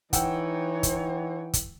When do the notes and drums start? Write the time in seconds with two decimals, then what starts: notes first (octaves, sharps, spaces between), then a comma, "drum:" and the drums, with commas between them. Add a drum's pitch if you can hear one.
0.13 E3 D#4 C#5 F#5 G5 E6, drum: kick, hi-hat
0.83 drum: kick, hi-hat
1.53 drum: kick, hi-hat